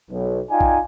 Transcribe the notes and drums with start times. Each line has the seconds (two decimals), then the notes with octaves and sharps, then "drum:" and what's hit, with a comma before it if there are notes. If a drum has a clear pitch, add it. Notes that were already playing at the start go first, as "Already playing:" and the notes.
0.10 B1
0.50 D#4 F4 D5 G5 G#5
0.61 drum: kick